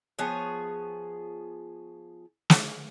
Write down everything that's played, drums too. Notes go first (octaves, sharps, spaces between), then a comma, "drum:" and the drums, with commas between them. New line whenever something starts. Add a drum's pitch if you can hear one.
F3 B3 G#4 C#5
drum: snare